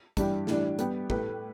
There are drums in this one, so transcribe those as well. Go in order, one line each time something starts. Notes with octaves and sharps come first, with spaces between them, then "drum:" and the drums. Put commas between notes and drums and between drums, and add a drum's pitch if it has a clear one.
G2 E3 G3 D4 G4, drum: kick, hi-hat
A2 E3 G3 D4, drum: snare
G3 B3 G4, drum: hi-hat
A2 A3 G4 B4, drum: kick